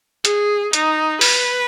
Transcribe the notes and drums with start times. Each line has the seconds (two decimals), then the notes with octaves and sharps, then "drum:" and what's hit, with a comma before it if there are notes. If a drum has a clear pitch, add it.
0.25 G#4, drum: hi-hat
0.73 D#4, drum: hi-hat
1.21 B4, drum: open hi-hat